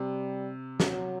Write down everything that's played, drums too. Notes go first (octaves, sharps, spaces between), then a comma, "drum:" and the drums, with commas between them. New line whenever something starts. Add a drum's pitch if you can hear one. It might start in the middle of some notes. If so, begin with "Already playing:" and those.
Already playing: C3 G3
F#3, drum: snare